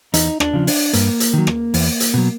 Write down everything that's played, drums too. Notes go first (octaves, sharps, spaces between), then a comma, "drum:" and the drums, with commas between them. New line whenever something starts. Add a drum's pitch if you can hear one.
E2 D#4, drum: hi-hat
D4, drum: rim click
C#3 F3
D4, drum: open hi-hat
G2 A#3, drum: hi-hat
drum: hi-hat
D#3 F#3
drum: rim click
E2, drum: open hi-hat
drum: hi-hat
B2 F#3